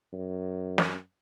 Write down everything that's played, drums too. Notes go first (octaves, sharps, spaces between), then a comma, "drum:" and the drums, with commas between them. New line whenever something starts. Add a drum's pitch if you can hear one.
F#2
drum: snare